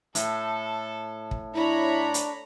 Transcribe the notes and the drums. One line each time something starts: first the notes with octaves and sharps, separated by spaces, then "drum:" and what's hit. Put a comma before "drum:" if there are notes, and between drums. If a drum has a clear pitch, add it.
A2 A4, drum: hi-hat
drum: kick
D4 E4 C#5 A#5 B5
drum: hi-hat